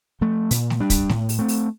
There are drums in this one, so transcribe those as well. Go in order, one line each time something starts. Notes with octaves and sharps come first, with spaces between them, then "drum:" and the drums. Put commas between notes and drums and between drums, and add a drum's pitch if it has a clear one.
F3 A3
A#2, drum: hi-hat
drum: snare A3
G3 D4
drum: kick, hi-hat
A2, drum: snare A3
drum: open hi-hat
A3 C4
drum: open hi-hat